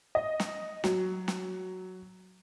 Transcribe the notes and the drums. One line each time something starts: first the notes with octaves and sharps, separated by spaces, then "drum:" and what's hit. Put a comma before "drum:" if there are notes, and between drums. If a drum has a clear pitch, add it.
D#5
drum: snare
F#3, drum: snare
drum: snare